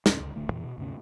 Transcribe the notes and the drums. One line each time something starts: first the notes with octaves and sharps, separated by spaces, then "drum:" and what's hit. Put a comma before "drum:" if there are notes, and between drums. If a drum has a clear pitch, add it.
C#4, drum: snare
C#2
D1 D3 A3
F2 A#2 E3
B2
D2 G2 C3 C#4